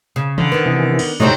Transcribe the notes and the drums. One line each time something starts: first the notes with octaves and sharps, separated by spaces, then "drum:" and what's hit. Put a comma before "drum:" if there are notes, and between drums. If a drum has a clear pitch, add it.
C#3
D3, drum: tom D#3
D#3 B3
C3 E3
drum: cymbal
A2 C#3 F#3 G3 A3 C4 D#4